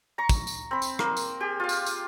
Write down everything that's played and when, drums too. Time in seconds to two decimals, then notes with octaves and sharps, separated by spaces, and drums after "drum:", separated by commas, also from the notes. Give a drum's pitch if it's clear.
0.18 A#5 C#6
0.29 drum: kick, tambourine
0.47 drum: tambourine
0.71 C4 B5
0.82 drum: tambourine
0.99 A#3, drum: rim click
1.17 drum: tambourine
1.40 G4 G#4
1.60 F4 F5
1.69 drum: tambourine
1.86 drum: tambourine